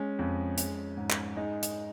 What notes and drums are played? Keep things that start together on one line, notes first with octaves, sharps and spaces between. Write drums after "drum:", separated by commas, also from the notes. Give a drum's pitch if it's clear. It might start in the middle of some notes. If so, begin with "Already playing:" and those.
Already playing: G#3 C#4
F2
G#3, drum: hi-hat
G#2
drum: clap
G#3 D#4
drum: hi-hat